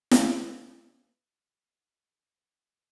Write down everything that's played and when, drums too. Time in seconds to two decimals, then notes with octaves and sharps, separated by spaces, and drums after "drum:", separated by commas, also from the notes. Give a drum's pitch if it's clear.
0.11 drum: snare
0.57 G4 G#4 A#4 D#5 F#5
0.86 E4
1.03 A#4 C#5 D#5 E5 G#5 B5
1.33 B4 C#5 D5 F#5
2.17 D4 A#4 G5 G#5